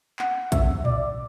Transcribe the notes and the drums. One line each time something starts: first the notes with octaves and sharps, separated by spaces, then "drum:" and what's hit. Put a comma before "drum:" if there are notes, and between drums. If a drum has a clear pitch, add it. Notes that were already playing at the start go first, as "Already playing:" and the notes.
F#5, drum: clap
E5, drum: kick, hi-hat
D5, drum: tom A2